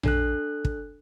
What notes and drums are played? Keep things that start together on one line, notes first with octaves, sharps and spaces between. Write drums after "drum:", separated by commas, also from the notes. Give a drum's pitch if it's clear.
D4 A4 F#6, drum: tom A#1
drum: kick